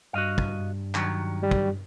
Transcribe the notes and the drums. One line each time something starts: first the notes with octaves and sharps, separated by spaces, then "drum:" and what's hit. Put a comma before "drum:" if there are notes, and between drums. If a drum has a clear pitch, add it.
G2 F#4 D#5 F5
drum: kick
D#3 F#3, drum: clap
G3
drum: kick